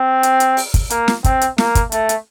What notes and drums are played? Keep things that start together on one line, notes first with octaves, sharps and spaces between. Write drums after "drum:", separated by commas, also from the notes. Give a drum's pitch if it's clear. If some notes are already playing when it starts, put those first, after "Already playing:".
Already playing: C4
drum: hi-hat
drum: hi-hat
drum: open hi-hat
drum: kick, hi-hat
A#3, drum: hi-hat
drum: snare
C4, drum: kick, hi-hat
drum: hi-hat
A#3, drum: snare
drum: kick, hi-hat
A3, drum: hi-hat
drum: hi-hat